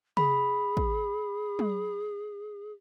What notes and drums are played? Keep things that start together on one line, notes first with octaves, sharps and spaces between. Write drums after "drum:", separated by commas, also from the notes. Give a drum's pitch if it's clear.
G#4 B5, drum: tom
drum: kick
drum: tom